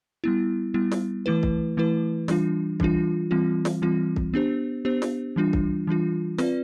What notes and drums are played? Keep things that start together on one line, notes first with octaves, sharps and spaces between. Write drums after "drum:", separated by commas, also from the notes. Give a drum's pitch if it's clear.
G3 B3 E4
G3 B3 E4
drum: snare
E3 A3 E4 B4
drum: kick C2
E3 A3 E4 B4
E3 G3 D4 F4, drum: snare
E3 G3 D4 F4, drum: kick C2
E3 G3 C4 F4
drum: snare
E3 G3 C4 F4
drum: kick C2
B3 D4 G4 C5
B3 D4 G4 C5
drum: snare
E3 G3 D4 F4
drum: kick C2
E3 G3 D4 F4
C4 F4 B4 D5, drum: snare